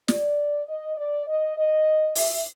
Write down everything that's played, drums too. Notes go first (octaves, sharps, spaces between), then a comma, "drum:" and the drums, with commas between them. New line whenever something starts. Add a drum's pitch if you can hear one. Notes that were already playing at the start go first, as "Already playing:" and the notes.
D5, drum: snare
D#5
D5
D#5
D#5
E5, drum: open hi-hat